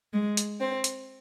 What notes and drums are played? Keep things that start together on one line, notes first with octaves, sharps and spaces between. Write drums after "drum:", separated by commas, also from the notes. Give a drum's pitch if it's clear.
G#3
drum: hi-hat
C4
drum: hi-hat